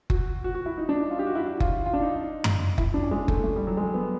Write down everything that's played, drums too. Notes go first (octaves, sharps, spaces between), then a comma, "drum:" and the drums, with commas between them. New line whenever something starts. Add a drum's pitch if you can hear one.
F#4, drum: kick F#1
F#4
F#4
E4
D#4
D4
D#4
F4
G4
F#4
E4
F#4
F4, drum: kick F#1
F4
D4
D#4
drum: tom F#2
E4, drum: kick F#1
D4
C#4
G#3
A3, drum: kick F#1
A3
G3
F#3
G#3
B3